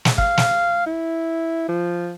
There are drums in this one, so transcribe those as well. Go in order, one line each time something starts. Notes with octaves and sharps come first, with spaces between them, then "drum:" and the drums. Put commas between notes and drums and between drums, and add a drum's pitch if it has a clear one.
drum: snare
F5, drum: kick
drum: snare
E4
F3